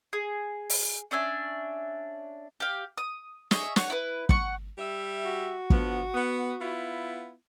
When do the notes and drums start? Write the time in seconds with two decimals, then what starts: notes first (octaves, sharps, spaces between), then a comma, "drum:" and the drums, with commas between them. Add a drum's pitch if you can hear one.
0.13 G#4
0.70 drum: open hi-hat
1.11 C#4 D4 E5 G#5
2.60 G4 F5
2.98 D#6
3.51 G#4 C#5 D#5 E5, drum: snare
3.76 C#5 F#5, drum: snare
3.90 E4 B4
4.29 F#5 C#6, drum: kick
4.78 G3 E5
5.25 F#4
5.70 D3 F3 B3, drum: kick
6.14 B3
6.60 B3 E4 F4